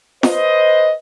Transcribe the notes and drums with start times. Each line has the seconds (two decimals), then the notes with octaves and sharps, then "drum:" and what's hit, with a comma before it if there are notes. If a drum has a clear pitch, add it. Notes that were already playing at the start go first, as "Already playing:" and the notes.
0.23 B4 C5 D#5, drum: snare F4